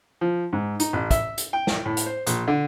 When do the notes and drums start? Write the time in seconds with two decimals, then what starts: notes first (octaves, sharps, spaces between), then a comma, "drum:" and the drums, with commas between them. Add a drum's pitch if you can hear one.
0.21 F3
0.53 G#2
0.80 D#4, drum: hi-hat
0.93 A1
1.11 E5, drum: kick, hi-hat
1.38 drum: hi-hat
1.53 G5
1.67 drum: snare
1.86 A2
1.97 drum: hi-hat
2.06 C5
2.26 A#1, drum: hi-hat
2.48 D3